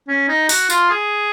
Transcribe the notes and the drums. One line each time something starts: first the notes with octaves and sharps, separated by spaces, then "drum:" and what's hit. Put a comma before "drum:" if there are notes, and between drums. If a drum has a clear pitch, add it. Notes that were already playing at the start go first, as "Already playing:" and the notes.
C#4
D#4
F#4, drum: open hi-hat
F4, drum: tambourine
G#4